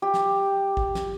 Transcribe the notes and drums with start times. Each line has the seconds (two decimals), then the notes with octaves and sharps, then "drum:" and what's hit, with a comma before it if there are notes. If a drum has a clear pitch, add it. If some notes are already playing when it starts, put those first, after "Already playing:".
0.02 G4
0.14 drum: snare
0.77 drum: kick
0.95 drum: snare